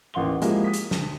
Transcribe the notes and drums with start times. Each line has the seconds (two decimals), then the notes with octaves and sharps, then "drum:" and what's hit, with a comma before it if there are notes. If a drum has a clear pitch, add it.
0.14 A1 D#2 F#5 C6 G7
0.42 F3 G#3 A#3 E4 G4, drum: hi-hat
0.64 D#6 B6
0.74 drum: hi-hat
0.91 D2, drum: snare